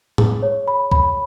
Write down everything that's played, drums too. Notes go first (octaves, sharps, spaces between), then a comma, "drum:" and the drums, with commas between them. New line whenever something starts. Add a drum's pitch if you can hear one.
G#4, drum: tom A2
C#5
B5
B5, drum: kick C2